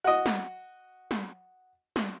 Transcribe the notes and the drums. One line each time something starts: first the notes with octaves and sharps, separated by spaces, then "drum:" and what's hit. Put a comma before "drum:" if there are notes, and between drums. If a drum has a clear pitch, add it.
F#4 D#5
drum: snare
drum: snare
drum: snare